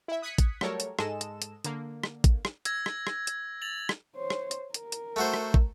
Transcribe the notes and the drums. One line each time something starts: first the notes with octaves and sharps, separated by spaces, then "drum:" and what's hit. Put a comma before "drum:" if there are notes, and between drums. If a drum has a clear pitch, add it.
E4 E5
D#6 F#6 G#6 B6 C#7
drum: kick, hi-hat
F#3 G3 A3 A4 A#4 C#5, drum: rim click
drum: hi-hat
G#2 G#3 A4 D#5 E7, drum: rim click
drum: hi-hat
drum: hi-hat
D3 A#3, drum: hi-hat
drum: rim click
drum: kick, hi-hat
drum: rim click
E6 G#6 A#6, drum: hi-hat
drum: rim click
drum: rim click
drum: hi-hat
A6 F7 F#7
drum: rim click
C5 C#5
drum: rim click
drum: hi-hat
A#4, drum: hi-hat
drum: hi-hat
A3 F#4 C5
drum: rim click
drum: kick